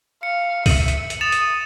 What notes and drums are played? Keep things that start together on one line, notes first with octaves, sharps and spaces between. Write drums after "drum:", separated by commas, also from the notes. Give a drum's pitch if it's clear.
F5 C#7
E5 F#7, drum: kick C#2, open hi-hat
drum: hi-hat
drum: hi-hat
D#6 A6 E7 F7
drum: hi-hat